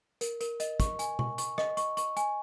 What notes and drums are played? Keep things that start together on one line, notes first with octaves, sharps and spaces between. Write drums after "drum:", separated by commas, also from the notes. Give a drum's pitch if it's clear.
A#4, drum: hi-hat
A#4, drum: hi-hat
D#5, drum: hi-hat
C#6, drum: kick, hi-hat
G#5, drum: hi-hat
C#6, drum: tom B2
C#6, drum: hi-hat
D#5, drum: rim click
C#6, drum: hi-hat
C#6, drum: hi-hat
G#5, drum: hi-hat